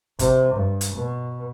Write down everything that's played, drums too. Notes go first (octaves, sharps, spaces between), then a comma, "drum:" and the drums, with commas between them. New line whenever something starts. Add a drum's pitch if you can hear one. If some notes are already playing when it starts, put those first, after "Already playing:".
C3, drum: kick G1, hi-hat
G2
drum: hi-hat
B2